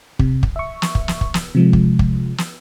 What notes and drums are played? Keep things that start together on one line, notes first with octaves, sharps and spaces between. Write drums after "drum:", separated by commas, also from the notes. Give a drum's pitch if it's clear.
C3, drum: kick
drum: kick
E5 C#6
drum: snare
drum: kick
drum: snare
drum: kick
drum: snare
C3 F3 G#3
drum: kick
drum: kick
drum: snare